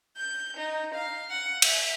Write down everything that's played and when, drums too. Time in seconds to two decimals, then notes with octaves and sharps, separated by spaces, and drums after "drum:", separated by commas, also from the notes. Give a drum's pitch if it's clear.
0.18 G6
0.57 D#4
0.95 F5
1.30 F#5
1.62 E5, drum: cymbal